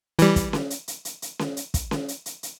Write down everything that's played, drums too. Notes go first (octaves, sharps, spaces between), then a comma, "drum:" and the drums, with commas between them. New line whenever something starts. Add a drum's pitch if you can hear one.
E3 G3, drum: hi-hat
drum: kick, hi-hat
drum: snare C#4
drum: hi-hat
drum: hi-hat
drum: hi-hat
drum: hi-hat
drum: snare C#4
drum: hi-hat
drum: kick, hi-hat
drum: snare C#4
drum: hi-hat
drum: hi-hat
drum: hi-hat